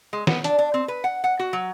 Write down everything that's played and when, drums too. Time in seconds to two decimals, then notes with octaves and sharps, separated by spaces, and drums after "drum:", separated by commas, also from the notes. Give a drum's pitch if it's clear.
0.13 G#3
0.27 B3, drum: snare
0.44 D4, drum: hi-hat
0.58 D4
0.74 C4
0.88 B4
1.04 F#5
1.24 F#5
1.39 F#4
1.53 F#3